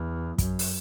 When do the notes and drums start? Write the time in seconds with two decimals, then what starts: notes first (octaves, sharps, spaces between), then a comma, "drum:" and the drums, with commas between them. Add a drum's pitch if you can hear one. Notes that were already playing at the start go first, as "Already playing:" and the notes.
Already playing: E2
0.38 F#2, drum: kick, hi-hat
0.59 drum: open hi-hat